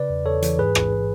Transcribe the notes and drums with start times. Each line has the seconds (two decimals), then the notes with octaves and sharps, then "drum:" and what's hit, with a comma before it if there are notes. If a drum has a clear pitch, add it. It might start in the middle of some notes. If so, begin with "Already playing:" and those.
Already playing: C#3 B4 D5
0.10 E2
0.26 E2 A4 C#5
0.42 E3, drum: hi-hat
0.59 G#2 G#4 B4
0.75 A1, drum: rim click